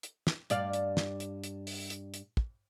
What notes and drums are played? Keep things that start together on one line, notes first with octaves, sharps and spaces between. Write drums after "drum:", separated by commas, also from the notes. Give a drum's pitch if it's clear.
drum: hi-hat
drum: snare
G2 D5 F5, drum: hi-hat
drum: hi-hat
drum: snare
drum: hi-hat
drum: hi-hat
drum: open hi-hat
drum: hi-hat
drum: hi-hat
drum: kick